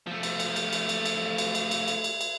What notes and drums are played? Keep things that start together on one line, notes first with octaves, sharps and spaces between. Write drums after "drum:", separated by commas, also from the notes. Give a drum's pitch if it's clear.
F3 A3
drum: cymbal
drum: cymbal
drum: cymbal
drum: cymbal
drum: cymbal
drum: cymbal
drum: cymbal
drum: cymbal
drum: cymbal
drum: cymbal
drum: cymbal
drum: cymbal